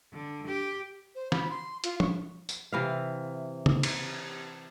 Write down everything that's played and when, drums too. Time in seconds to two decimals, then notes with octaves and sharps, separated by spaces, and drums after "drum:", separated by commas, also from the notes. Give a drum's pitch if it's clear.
0.12 D3
0.47 G4
1.15 C5
1.32 B5, drum: snare
1.50 C6
1.84 F4, drum: hi-hat
2.00 C#6, drum: tom F3
2.49 drum: tambourine
2.73 C3 E3 F5
3.66 drum: tom C#3
3.83 drum: cymbal